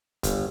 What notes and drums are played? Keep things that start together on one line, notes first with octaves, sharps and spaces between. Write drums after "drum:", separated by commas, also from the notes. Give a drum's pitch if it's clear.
G1, drum: kick E1, hi-hat